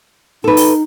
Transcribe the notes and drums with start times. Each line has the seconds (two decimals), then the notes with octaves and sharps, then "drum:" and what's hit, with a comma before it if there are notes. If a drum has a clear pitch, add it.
0.44 D#4 A4 B4
0.57 drum: open hi-hat